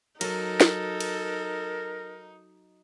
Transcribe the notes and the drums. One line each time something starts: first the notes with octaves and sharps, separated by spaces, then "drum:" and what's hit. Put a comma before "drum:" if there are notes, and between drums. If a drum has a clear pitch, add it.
F#3 D#4 A4 A#4, drum: cymbal
drum: snare
drum: cymbal